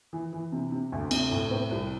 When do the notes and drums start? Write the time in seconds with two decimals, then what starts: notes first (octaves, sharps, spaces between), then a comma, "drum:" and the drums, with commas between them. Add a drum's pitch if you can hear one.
0.13 E3
0.33 E3
0.52 C3
0.72 C3
0.92 D2
1.11 C3, drum: cymbal
1.31 A2
1.51 C4
1.71 C2